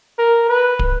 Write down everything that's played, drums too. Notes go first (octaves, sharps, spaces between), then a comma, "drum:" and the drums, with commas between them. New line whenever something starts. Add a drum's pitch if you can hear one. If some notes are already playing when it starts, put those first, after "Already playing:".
A#4
B4
drum: kick